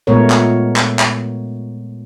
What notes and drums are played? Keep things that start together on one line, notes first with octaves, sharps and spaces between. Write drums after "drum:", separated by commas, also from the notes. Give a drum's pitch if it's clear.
A#2 G#3 A3 B3 A#4 C#5
drum: clap
drum: clap
drum: clap